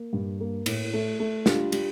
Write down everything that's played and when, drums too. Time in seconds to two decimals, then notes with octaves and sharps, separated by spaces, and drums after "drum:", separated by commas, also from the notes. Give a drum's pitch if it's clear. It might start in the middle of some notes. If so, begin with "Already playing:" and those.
Already playing: A#3
0.13 G2
0.41 A#3
0.66 A2, drum: cymbal
0.94 A3
1.20 A3
1.46 G3 D4 F4, drum: snare
1.72 G3, drum: cymbal